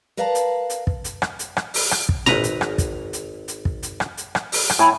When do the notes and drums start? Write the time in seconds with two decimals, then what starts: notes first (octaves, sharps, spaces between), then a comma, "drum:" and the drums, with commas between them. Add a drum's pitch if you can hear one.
0.17 A#4 B4 D5 F5 A5 A#5
0.35 drum: hi-hat
0.70 drum: hi-hat
0.87 drum: kick
1.04 drum: hi-hat
1.22 drum: rim click
1.39 drum: hi-hat
1.57 drum: rim click
1.74 drum: open hi-hat
1.91 drum: rim click
2.09 drum: kick
2.26 G#1 B4 A#5, drum: tom
2.44 drum: hi-hat
2.61 drum: rim click
2.78 drum: kick, hi-hat
3.13 drum: hi-hat
3.48 drum: hi-hat
3.65 drum: kick
3.83 drum: hi-hat
4.00 drum: rim click
4.17 drum: hi-hat
4.35 drum: rim click
4.52 drum: open hi-hat
4.70 drum: rim click
4.79 A2 E4 G#5